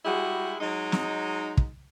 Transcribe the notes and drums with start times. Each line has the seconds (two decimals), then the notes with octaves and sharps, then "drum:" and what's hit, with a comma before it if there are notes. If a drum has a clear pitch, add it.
0.05 G3 G#3 E4 F#4 G#4
0.61 F#3 G#3 D#4
0.92 drum: snare
1.57 drum: kick